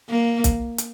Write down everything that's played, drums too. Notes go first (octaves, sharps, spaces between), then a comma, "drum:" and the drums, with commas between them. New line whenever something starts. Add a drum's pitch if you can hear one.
A#3
drum: kick, hi-hat
drum: hi-hat